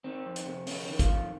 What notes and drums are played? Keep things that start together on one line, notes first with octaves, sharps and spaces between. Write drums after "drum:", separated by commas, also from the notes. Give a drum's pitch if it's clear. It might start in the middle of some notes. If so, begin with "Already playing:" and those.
D#3 C4
F2
drum: hi-hat
C3
F2 C#4, drum: open hi-hat
D#3
F4, drum: kick, hi-hat
F2